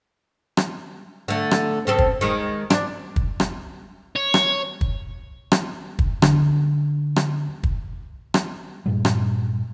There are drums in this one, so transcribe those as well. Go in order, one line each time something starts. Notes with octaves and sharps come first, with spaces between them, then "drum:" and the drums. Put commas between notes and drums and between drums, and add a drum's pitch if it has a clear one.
drum: rim click
D3 A3
drum: rim click
C#3 C4 A4
drum: kick
D#3 G#3
D4, drum: rim click
drum: kick
drum: rim click
C#5
drum: rim click
drum: kick
drum: rim click
drum: kick
D3, drum: rim click
drum: rim click
drum: kick
drum: rim click
G2 A#2 G3
drum: rim click